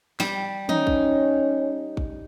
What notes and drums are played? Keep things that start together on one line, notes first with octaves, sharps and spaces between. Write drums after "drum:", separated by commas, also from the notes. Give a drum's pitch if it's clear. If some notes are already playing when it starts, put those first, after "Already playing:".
G3, drum: snare
C#4 D#4, drum: tom
drum: kick
drum: kick